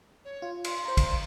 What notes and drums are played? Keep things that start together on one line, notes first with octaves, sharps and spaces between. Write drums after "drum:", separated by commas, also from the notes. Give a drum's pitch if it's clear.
C#5
F4
C6, drum: cymbal
C5 A#5
drum: kick, cymbal